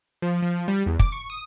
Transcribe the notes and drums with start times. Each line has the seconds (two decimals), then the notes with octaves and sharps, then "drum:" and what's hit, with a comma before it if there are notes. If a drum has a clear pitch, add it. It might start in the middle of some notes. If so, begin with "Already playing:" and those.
0.22 F3
0.42 F3
0.68 G3
0.86 E2
0.99 D6, drum: kick
1.12 C#6
1.30 D#6